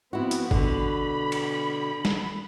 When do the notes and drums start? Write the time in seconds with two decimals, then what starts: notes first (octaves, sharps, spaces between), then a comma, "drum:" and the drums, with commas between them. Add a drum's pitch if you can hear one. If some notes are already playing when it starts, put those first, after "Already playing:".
0.13 F3 B3 C4 E4 F#4
0.31 drum: hi-hat
0.51 B2 D3 B5, drum: kick G#1
1.32 drum: cymbal
2.05 drum: snare G3